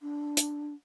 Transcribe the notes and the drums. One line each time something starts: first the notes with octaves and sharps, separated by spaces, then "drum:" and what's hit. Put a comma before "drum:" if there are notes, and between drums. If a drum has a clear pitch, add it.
D4
drum: hi-hat